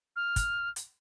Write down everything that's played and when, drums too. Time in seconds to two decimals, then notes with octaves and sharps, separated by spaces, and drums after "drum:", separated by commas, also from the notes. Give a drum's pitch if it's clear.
0.16 F6
0.36 drum: kick, hi-hat
0.76 drum: hi-hat